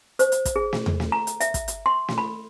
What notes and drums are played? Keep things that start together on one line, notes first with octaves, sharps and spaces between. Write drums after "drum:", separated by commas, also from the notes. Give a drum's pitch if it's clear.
C5, drum: hi-hat
drum: hi-hat
drum: kick, hi-hat
G#4
drum: snare
drum: tom E2
drum: snare
A#5
drum: hi-hat
E5, drum: hi-hat
drum: kick, hi-hat
drum: hi-hat
C6
drum: snare
B5